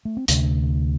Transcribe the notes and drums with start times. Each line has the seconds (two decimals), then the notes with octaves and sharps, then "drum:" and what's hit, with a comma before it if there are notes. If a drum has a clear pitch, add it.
0.05 A3
0.17 C4
0.28 D2 C3 A3 D4, drum: hi-hat